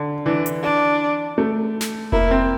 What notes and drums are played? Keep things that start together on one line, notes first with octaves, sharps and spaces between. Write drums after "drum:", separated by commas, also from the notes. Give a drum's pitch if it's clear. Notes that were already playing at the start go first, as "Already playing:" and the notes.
Already playing: D3
E3 D4
drum: hi-hat
D4
A3
drum: snare
A#3 E4, drum: kick F1
C4